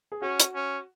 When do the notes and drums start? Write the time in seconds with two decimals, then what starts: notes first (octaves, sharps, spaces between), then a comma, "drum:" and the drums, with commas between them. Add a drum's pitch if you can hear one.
0.12 G#4
0.22 C#4 F#4
0.40 drum: hi-hat
0.55 C#4